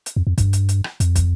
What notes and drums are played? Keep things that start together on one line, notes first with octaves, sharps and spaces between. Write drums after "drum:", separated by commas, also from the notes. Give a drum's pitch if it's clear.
drum: hi-hat
F2
F2
G2, drum: kick, hi-hat
drum: hi-hat
drum: hi-hat
drum: rim click
F2, drum: hi-hat
drum: kick, hi-hat